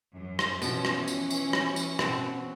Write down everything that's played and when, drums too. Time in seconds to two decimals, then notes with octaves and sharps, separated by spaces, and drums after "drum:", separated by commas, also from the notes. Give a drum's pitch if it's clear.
0.16 F#2
0.39 drum: rim click
0.62 B2 E3 F3 C#4, drum: tambourine
0.85 drum: rim click
1.08 drum: tambourine
1.30 drum: tambourine
1.53 drum: rim click
1.76 drum: tambourine
1.99 B2 C4 F#4, drum: rim click